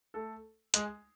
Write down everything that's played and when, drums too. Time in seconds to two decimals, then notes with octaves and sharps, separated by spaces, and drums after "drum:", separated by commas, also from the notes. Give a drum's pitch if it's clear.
0.14 A3 A4
0.74 G#3 G#4, drum: hi-hat